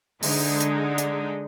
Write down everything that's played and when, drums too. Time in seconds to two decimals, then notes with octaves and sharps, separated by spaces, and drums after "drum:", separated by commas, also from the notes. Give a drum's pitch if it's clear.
0.23 D3 G#3 D#4, drum: open hi-hat
0.60 drum: hi-hat
0.98 drum: hi-hat